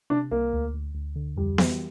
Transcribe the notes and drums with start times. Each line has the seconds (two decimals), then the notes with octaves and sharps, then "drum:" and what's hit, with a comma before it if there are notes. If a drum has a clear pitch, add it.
0.10 C3 D4
0.31 C2 A#3
0.53 D2
0.73 D2
0.94 D2
1.16 D3
1.37 F2 G3
1.58 E3, drum: snare B3